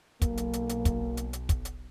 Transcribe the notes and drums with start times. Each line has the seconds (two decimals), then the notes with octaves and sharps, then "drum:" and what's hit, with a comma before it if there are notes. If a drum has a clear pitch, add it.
0.22 B1 A#3, drum: kick, hi-hat
0.37 drum: hi-hat
0.53 drum: hi-hat
0.69 drum: hi-hat
0.85 drum: kick, hi-hat
1.17 drum: hi-hat
1.33 drum: hi-hat
1.49 drum: kick, hi-hat
1.65 drum: hi-hat